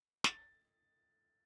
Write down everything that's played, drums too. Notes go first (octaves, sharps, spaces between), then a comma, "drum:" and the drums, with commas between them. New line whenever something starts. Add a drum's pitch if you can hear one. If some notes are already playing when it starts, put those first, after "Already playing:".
A6, drum: snare